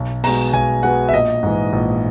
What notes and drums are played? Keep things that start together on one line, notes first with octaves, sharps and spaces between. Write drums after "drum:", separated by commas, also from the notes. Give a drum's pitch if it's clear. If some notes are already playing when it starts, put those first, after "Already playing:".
Already playing: B1
B2 G#3 B3 A#5, drum: open hi-hat
B1 G#5
B2 G#3 B3 F#5
E5
A#1 D#5
G#2 E3
A#1